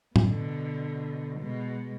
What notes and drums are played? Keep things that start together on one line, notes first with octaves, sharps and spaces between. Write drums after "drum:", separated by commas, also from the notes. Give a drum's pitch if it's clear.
B2 D3, drum: tom A2
B2 G#3